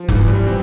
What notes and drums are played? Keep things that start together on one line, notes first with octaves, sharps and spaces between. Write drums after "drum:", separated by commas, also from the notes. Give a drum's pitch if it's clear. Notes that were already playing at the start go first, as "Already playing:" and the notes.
Already playing: F3
G#2 E3, drum: kick F1
G3
C4